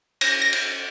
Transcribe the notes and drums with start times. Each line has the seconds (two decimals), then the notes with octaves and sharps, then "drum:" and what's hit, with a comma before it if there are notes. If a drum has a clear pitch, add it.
0.21 A#6, drum: cymbal
0.42 A#6
0.53 drum: cymbal